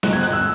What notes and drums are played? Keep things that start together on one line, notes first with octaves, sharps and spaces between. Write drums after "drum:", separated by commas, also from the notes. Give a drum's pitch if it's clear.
C#2 B2 G#3 F#6, drum: snare
G#6
F#6, drum: hi-hat
E6